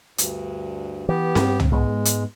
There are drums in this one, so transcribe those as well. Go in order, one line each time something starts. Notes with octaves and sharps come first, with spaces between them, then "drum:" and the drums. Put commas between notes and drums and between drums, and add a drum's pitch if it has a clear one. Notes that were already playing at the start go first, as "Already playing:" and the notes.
D2 G2, drum: hi-hat
E3 B3 G4
G2 C4, drum: snare C4
drum: tom
G#2 G#3 B3
drum: hi-hat